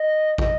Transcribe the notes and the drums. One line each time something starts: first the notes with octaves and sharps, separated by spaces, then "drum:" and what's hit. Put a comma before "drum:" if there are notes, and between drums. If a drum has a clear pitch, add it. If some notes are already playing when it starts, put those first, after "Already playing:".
Already playing: D#5
D#5, drum: kick